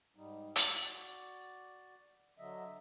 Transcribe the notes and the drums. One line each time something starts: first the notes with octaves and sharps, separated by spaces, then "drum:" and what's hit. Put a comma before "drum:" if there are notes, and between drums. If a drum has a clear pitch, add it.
G#2 G3 D#4
F#4 D5, drum: hi-hat
D3 F#3 D#5 E5